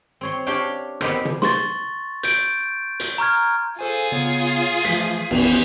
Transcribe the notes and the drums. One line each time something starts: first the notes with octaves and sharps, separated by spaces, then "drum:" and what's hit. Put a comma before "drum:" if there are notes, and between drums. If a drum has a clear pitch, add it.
C4 C#5 C6
D4 G4 C#5 F5 G5
B3 C4 D#4 G4 A#4 C5, drum: rim click
drum: tom
C6 C#6 A6, drum: snare
G6 D7, drum: hi-hat
drum: hi-hat
A#5 C#6 F6 G#6
F4 G#4 A4 C5 G#5
C#3 B3 C#5
E3 F3 A3 B6, drum: hi-hat
G#1 E2, drum: cymbal